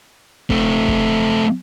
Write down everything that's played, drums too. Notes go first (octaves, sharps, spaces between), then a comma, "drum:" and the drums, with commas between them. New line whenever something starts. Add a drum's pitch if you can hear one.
A3 C4, drum: kick
drum: kick